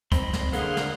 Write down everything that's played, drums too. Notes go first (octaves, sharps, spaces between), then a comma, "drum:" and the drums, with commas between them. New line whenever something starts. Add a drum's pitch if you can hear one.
C4 D#5 B5 C6, drum: kick, hi-hat
drum: snare
D3 A#3 G#4 F5 F#5 C6, drum: hi-hat
drum: snare